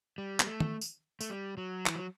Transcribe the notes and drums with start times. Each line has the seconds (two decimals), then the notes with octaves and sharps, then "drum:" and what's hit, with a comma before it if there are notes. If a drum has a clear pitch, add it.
0.18 G3
0.40 B3, drum: clap
0.47 A3
0.60 drum: tom D#3
0.81 drum: tambourine
1.21 A3, drum: tambourine
1.30 G3
1.57 F#3
1.86 E3, drum: clap
1.96 F#3